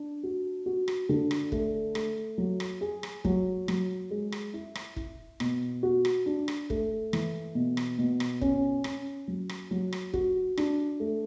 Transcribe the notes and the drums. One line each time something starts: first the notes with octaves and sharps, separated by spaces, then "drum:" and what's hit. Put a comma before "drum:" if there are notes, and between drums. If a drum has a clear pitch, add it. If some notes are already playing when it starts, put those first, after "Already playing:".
Already playing: D4
F#4
F#4
drum: rim click
D3
drum: rim click
A3, drum: kick
A3, drum: rim click
F#3
drum: rim click
G#4
drum: rim click
F#3, drum: kick
F#3, drum: rim click
G#3
drum: rim click
E4
drum: rim click
E4, drum: kick
B2, drum: rim click
F#4
drum: rim click
D4
drum: rim click
A3, drum: kick
E3, drum: rim click
B2
drum: rim click
B2
drum: rim click
C#4, drum: kick
C#4, drum: rim click
F#3
drum: rim click
F#3
drum: rim click
F#4, drum: kick
D4, drum: rim click
A3